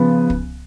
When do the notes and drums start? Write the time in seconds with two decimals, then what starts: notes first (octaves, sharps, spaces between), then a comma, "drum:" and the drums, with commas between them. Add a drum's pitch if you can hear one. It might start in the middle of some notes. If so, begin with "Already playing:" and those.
Already playing: C#3 F3 B3
0.30 drum: kick